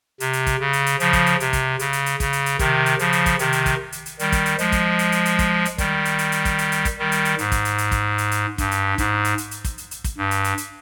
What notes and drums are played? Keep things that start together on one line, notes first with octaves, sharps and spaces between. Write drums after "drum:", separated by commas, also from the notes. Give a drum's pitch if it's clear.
C3, drum: hi-hat
drum: hi-hat
drum: kick, hi-hat
C#3
drum: hi-hat
drum: hi-hat
C#3 F3, drum: hi-hat
drum: kick, hi-hat
drum: hi-hat
C3, drum: hi-hat
drum: kick, hi-hat
C#3, drum: hi-hat
drum: hi-hat
drum: hi-hat
C#3, drum: kick, hi-hat
drum: hi-hat
drum: hi-hat
C3 D#3, drum: kick, hi-hat
drum: hi-hat
C#3 F3, drum: hi-hat
drum: hi-hat
drum: kick, hi-hat
C3 D#3, drum: hi-hat
drum: hi-hat
drum: kick, hi-hat
drum: hi-hat
drum: hi-hat
D#3 G3, drum: hi-hat
drum: kick, hi-hat
drum: hi-hat
F3 G#3, drum: hi-hat
drum: kick, hi-hat
drum: hi-hat
drum: hi-hat
drum: hi-hat
drum: kick, hi-hat
drum: hi-hat
D#3 G3, drum: kick, hi-hat
drum: hi-hat
drum: hi-hat
drum: hi-hat
drum: kick, hi-hat
drum: hi-hat
drum: hi-hat
drum: kick, hi-hat
D#3 G3
drum: hi-hat
drum: hi-hat
G#2, drum: hi-hat
drum: kick, hi-hat
drum: hi-hat
drum: hi-hat
drum: kick, hi-hat
drum: hi-hat
drum: hi-hat
G2, drum: kick, hi-hat
drum: hi-hat
G#2, drum: kick, hi-hat
drum: hi-hat
drum: hi-hat
drum: hi-hat
drum: kick, hi-hat
drum: hi-hat
drum: hi-hat
drum: kick, hi-hat
G2
drum: hi-hat
drum: hi-hat
drum: hi-hat